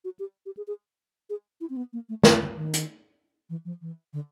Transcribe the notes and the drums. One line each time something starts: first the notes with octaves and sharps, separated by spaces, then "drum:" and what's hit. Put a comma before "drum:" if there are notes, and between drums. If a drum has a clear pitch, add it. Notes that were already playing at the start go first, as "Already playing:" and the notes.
F#4
G4
G4
G#4
G#4
G#4
E4
C4
B3
A#3
A3
D#3, drum: snare
D3
D#3
drum: hi-hat
E3
F3
E3
D3